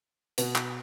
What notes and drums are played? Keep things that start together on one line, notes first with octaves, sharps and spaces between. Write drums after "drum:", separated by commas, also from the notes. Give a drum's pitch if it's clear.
B2 B3, drum: hi-hat
drum: clap